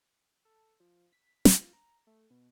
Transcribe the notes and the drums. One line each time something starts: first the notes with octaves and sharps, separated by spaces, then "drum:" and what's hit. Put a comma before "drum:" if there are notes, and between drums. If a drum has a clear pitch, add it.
A4
F3
B6
F4, drum: snare
A#5
A3
B2